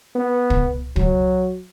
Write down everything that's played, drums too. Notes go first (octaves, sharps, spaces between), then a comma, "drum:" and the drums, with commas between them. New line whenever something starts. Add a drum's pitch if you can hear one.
B3
drum: kick
F#3, drum: kick